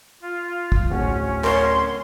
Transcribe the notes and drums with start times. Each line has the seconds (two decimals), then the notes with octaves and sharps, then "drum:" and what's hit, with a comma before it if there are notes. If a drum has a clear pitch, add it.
0.22 F4
0.72 drum: kick
0.90 D1 C#4 F#4
1.44 A#4 C#5 C6, drum: clap